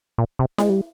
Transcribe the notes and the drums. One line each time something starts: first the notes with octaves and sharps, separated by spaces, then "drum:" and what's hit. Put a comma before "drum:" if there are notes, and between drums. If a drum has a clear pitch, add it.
A#2
C3
G#3, drum: snare E4
G3